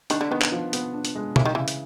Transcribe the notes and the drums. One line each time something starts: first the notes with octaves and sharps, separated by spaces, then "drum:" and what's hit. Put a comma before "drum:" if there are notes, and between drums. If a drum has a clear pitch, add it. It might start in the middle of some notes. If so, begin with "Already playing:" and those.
D#3 D4, drum: hi-hat
D3
D#3 B3
drum: clap
F3
B3, drum: hi-hat
D4
drum: hi-hat
G#3
C#3 E3, drum: tom
D#3
C#3 E3
drum: hi-hat